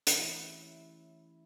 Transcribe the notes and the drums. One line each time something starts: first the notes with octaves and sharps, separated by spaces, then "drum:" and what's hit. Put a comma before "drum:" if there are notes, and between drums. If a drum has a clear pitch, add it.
E3 A3 C#4 E4 G4, drum: hi-hat